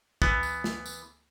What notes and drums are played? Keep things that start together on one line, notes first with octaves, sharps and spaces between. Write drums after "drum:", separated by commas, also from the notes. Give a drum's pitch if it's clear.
E3 B3, drum: kick
drum: tambourine
drum: snare
drum: tambourine